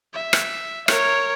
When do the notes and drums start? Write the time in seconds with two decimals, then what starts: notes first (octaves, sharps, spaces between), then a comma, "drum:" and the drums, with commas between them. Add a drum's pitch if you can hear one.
0.14 E5
0.33 drum: rim click
0.88 A#4 C#5, drum: rim click